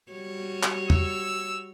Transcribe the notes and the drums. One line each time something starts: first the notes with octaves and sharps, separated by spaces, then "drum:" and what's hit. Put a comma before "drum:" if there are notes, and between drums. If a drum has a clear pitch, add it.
G3 F#4 C#5
drum: clap
E6, drum: tom